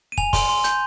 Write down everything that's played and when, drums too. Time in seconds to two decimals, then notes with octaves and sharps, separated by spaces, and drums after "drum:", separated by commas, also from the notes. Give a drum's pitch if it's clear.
0.12 D#7
0.18 G#5 F7, drum: kick
0.33 C6, drum: kick, open hi-hat
0.49 C6
0.64 G6, drum: hi-hat